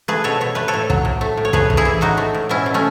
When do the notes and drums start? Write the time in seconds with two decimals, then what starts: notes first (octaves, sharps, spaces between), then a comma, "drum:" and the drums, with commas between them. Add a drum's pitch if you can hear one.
0.08 A3 G#4 B4
0.24 B2 A4 C#5
0.41 B2 C#5
0.55 A3 B4
0.68 A4 C#5
0.74 A2
0.90 F#3, drum: kick
1.05 A2
1.21 A3
1.37 A2
1.45 C#5
1.53 A3 G#4 B4, drum: kick
1.70 A2, drum: kick
1.77 E4 G#4
1.85 E3
2.01 A2 D#4 F#4
2.17 A3
2.34 A2
2.49 B2 C#4 E4
2.66 B2
2.74 A3 C#4